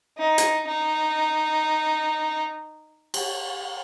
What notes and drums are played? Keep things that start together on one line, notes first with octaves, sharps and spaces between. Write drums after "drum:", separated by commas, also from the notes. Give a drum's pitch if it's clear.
D#4
drum: hi-hat
D#4
drum: cymbal